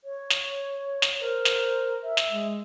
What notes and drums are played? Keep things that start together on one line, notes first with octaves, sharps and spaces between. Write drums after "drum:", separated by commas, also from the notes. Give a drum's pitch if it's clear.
C#5
drum: snare
drum: snare
A#4 C5
drum: snare
E5
drum: snare
G#3